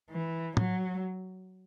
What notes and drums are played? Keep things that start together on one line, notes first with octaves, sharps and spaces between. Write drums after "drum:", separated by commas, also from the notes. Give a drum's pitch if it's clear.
E3
F#3, drum: tom